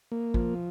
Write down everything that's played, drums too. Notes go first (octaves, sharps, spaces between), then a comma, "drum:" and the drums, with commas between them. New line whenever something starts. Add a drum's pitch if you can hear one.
A#3
F3, drum: kick